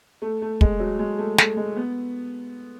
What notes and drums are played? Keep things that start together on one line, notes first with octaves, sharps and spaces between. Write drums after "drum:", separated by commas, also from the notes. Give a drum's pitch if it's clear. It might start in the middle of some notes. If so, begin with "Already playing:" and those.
A3
A3
G#3, drum: kick
F#3
G#3
A3
A3, drum: snare
G#3
B3